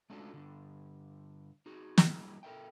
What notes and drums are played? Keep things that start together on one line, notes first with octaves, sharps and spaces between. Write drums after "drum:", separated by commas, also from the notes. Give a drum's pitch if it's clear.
G#3 A3 C#4 D4 F4 F#4
G2 D3
D#4 F#4 G#4
drum: snare
G3 A3 A#3 E4 G#4
A4 A#4 D5 E5 G5